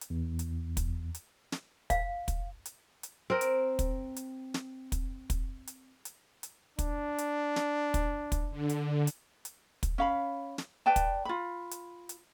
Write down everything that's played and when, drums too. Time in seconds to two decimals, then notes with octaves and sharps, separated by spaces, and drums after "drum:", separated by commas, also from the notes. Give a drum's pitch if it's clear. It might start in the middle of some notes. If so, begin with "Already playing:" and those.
0.01 drum: hi-hat
0.10 E2
0.39 drum: hi-hat
0.77 drum: kick, hi-hat
1.14 drum: hi-hat
1.52 drum: snare
1.90 F5, drum: kick, hi-hat
2.28 drum: kick, hi-hat
2.65 drum: hi-hat
3.03 drum: hi-hat
3.30 C4 A#4
3.41 drum: hi-hat
3.79 drum: kick, hi-hat
4.16 drum: hi-hat
4.54 drum: snare
4.92 drum: kick, hi-hat
5.30 drum: kick, hi-hat
5.67 drum: hi-hat
6.05 drum: hi-hat
6.43 drum: hi-hat
6.79 D4, drum: kick, hi-hat
7.18 drum: hi-hat
7.56 drum: snare
7.94 drum: kick, hi-hat
8.32 drum: kick, hi-hat
8.51 D3
8.69 drum: hi-hat
9.07 drum: hi-hat
9.45 drum: hi-hat
9.83 drum: kick, hi-hat
9.98 C#4 F5 B5
10.58 drum: snare
10.86 B4 D5 G5 A5
10.96 drum: kick, hi-hat
11.25 F4 B5
11.71 drum: hi-hat
12.09 drum: hi-hat